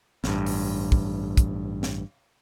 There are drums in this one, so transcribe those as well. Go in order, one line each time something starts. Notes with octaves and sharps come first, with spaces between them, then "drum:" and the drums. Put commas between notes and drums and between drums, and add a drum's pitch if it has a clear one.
A1 G2, drum: snare
drum: open hi-hat
drum: kick
drum: kick, hi-hat
drum: snare